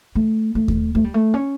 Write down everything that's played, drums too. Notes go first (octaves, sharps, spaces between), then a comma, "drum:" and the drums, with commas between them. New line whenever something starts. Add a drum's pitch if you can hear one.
A3
A3
drum: kick D#2
A3
G3
A3
C#4